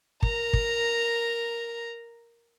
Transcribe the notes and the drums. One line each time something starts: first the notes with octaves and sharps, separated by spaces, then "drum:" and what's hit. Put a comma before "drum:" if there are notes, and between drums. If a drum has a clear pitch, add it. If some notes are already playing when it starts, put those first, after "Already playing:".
A#4 A#5, drum: kick
drum: kick